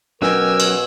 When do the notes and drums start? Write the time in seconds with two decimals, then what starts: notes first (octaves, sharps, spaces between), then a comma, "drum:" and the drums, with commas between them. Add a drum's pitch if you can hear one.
0.22 B2 F#3 C#4 G4 A#4 G#5 E6, drum: snare
0.60 drum: cymbal